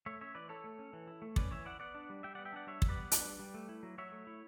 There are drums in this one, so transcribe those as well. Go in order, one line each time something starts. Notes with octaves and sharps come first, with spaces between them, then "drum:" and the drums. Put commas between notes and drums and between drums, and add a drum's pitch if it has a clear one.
A3 C#5 E5
C#4 C#5 E5
E3 B4 D5
E4 A4 C#5
A3
C#4
E3
E4
A3
C#4 B4 D5, drum: kick
E3 C#5 E5
E4 D5 F#5
B3 D5 F#5
D4
G3
G3 E5 G5
B3 D5 F#5
E5 G5
D4 D5 F#5
G3 C#5 E5
G3, drum: kick
B4 D5
B3
D4, drum: hi-hat
G3
G3
A3
E4
F#3
F#3 C#5 E5
A3
E4